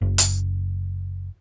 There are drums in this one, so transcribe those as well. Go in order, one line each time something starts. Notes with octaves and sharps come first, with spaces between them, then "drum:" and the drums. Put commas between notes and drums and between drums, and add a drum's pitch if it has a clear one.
F#1
drum: hi-hat